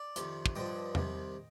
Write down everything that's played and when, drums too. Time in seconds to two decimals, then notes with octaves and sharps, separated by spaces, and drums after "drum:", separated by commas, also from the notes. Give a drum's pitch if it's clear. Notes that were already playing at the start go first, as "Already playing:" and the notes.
Already playing: D5
0.16 F2 C3 D#3, drum: hi-hat
0.46 drum: kick
0.55 G2 D3 F3 D#5 G5
0.95 C2 C3 D#3, drum: tom E2